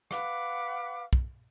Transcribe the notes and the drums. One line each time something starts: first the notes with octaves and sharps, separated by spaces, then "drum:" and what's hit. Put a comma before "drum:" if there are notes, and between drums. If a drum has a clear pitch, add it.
B4 F5 F#5 D6, drum: rim click
drum: kick